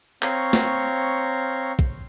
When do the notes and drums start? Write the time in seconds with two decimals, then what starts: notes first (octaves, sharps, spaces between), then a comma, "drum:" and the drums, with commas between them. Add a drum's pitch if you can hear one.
0.23 C4 C#5 F5 A#5 C#6 G6, drum: clap
0.53 drum: snare
1.79 drum: kick A#1